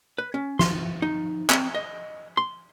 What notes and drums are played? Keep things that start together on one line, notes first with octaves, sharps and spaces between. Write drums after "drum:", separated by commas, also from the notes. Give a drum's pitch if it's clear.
B4
C#4
C6, drum: snare
D#4
C4, drum: clap
D#5
C6